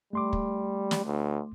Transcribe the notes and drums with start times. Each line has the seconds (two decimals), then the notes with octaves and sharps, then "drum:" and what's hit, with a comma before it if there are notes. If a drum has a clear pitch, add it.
0.13 G3 A3 C6 D6
0.33 drum: kick
0.91 drum: snare
1.05 D2